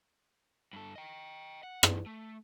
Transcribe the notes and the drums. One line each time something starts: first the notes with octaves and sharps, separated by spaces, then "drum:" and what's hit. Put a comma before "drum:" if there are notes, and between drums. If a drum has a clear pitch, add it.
G2 A4
D#5 G5
F#5
C4 D#4, drum: rim click
A3